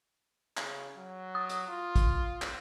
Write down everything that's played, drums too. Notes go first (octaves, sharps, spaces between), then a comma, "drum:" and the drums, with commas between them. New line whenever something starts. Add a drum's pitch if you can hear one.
C#3, drum: clap
F#3
D#6
drum: hi-hat
F4
drum: kick A1, hi-hat
drum: clap